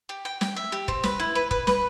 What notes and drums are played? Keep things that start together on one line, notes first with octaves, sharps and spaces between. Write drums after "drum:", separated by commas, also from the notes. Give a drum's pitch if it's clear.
G4
G5
G5, drum: snare
E5
G4
C4, drum: kick
B4, drum: snare
E4
B4
B4, drum: kick
B4, drum: snare